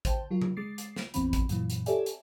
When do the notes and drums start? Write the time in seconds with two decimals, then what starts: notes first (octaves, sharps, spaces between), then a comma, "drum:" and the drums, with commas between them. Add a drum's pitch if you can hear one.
0.05 C5 G5 A5, drum: kick, hi-hat
0.31 F#3 F4 A#4
0.42 drum: tom C3
0.57 G#3 D6 A6 C7
0.78 drum: hi-hat
0.96 drum: snare
1.14 A#1 F2 E3 B3 C4 B5, drum: hi-hat
1.33 drum: kick, hi-hat
1.49 F#2 A#2 E3, drum: hi-hat
1.70 drum: hi-hat
1.86 G4 A4 C#5 D5 E5 G#5, drum: hi-hat
2.06 drum: hi-hat